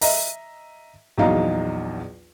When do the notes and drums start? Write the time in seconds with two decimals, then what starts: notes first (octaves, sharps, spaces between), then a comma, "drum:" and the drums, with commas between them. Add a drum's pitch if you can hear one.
0.01 D#5 E5 A#5, drum: open hi-hat
1.18 A#1 E2 F#3 D#4 F5 A#5